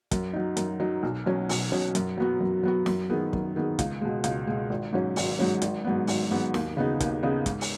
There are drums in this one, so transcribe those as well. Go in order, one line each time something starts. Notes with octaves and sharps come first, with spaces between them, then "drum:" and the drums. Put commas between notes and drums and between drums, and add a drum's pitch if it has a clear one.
F#2, drum: kick, hi-hat
F#3 D#4
F#2, drum: hi-hat
F#3 D#4
B1
B2 F#3 C#4
B1, drum: open hi-hat
B2 F#3 C#4
F#2, drum: hi-hat
F#3 B3 F#4
F#2
F#3 B3 F#4
F#2, drum: snare
D#3 B3 G#4
F#2, drum: kick
D#3 B3 G#4
C#2, drum: kick, hi-hat
B2 G#3
C#2, drum: hi-hat
B2 G#3
G#1
G#2 F#3 C#4
G#1, drum: open hi-hat
G#2 F#3 C#4
G#1, drum: hi-hat
G#2 F#3 B3
G#1, drum: open hi-hat
G#2 F#3 B3
D#2, drum: snare
C#3 B3 D#4 G#4
D#2, drum: kick, hi-hat
C#3 B3 D#4 G#4
G#2, drum: kick, hi-hat
drum: open hi-hat